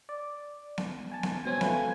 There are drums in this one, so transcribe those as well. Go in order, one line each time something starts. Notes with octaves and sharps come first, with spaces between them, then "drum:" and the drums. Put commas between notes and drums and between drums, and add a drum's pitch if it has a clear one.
D5
drum: snare B3
G#5 A5
drum: snare B3
B2 C4 C#4 G#5
A3 F4 B4, drum: snare B3